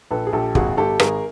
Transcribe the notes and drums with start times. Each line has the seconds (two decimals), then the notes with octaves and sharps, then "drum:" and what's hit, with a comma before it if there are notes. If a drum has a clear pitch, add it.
0.11 A#1 A4 B4
0.27 G#4
0.33 A#1 G4 A4
0.55 G#1 F#4 G#4, drum: kick
0.77 G#1 G4 A4
1.00 G#1 G#4 A#4, drum: rim click